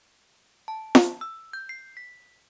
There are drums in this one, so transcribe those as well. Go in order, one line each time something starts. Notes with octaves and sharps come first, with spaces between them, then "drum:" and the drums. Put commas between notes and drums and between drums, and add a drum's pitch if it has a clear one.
A5
drum: snare
E6
G6
C7
B6